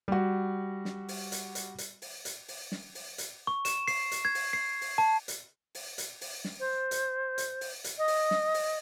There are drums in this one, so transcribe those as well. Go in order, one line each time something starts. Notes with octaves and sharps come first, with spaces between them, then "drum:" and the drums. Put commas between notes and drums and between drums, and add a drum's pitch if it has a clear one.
G3 F#4
drum: snare
drum: open hi-hat
drum: hi-hat
drum: hi-hat
drum: hi-hat
drum: open hi-hat
drum: hi-hat
drum: open hi-hat
drum: snare
drum: open hi-hat
drum: hi-hat
C#6
E7, drum: hi-hat
C7, drum: open hi-hat
drum: hi-hat
G#6
drum: open hi-hat
C7
drum: open hi-hat
A5
drum: hi-hat
drum: open hi-hat
drum: hi-hat
drum: open hi-hat
drum: snare
C5
drum: hi-hat
drum: hi-hat
drum: open hi-hat
drum: hi-hat
D#5
drum: open hi-hat
drum: snare
drum: open hi-hat